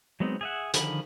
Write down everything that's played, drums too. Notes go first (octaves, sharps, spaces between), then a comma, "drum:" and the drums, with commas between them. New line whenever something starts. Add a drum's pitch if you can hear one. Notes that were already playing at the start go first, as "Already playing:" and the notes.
F#3 G#3 B3 C4 D#4
G#4 E5 F#5
D3 D#3 F3 G#4 B5, drum: hi-hat